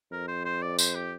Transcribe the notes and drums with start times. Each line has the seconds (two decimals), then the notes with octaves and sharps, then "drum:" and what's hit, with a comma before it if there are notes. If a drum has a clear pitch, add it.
0.12 F2 A#4
0.28 C5
0.45 C5
0.62 D5
0.79 C5, drum: tambourine
0.95 G4